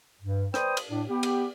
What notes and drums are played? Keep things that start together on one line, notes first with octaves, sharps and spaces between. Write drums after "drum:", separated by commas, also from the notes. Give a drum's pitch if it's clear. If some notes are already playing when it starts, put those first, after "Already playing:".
G2
B4 C5 D5 G5 D#6, drum: rim click
drum: cymbal
A2 D4
B3 G4
drum: cymbal